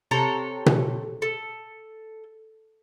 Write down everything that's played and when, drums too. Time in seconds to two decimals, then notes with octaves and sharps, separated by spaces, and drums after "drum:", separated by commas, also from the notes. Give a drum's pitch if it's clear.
0.11 C3 A4 C#5 A#5
0.66 drum: tom B2
1.22 A4